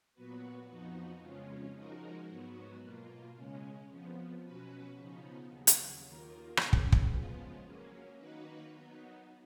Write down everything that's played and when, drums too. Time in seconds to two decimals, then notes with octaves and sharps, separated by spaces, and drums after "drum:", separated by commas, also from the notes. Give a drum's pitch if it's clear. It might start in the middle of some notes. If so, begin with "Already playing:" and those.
0.14 A#2 F#3 B3 F#4 B4
0.68 F2 F3 B3 D#4 F#4
1.22 F2 C#3 G#3 C#4 F4
1.75 F3 G#3 D#4 F#4 A#4
2.29 G#2 F#3 B3 F#4
2.83 B2 A#3 F4
3.36 C#3 G#3 C#4
3.90 F2 F3 B3
4.44 B2 F#3 C#4 F#4 B4
4.97 C#3 F3 B3 D#4
5.51 D#2 C#3 F#3
5.67 drum: hi-hat
6.05 D#2 D#3 A#3 F4 A#4
6.57 C#3 F#3 C#4 G#4 B4, drum: rim click
6.73 drum: kick
6.92 drum: kick
7.11 C#3 F3 G#3 B3 F4
7.65 F#3 A#3 C#4
8.18 D#3 A#3 D#4 F#4 B4
8.72 F#3 B3 D#4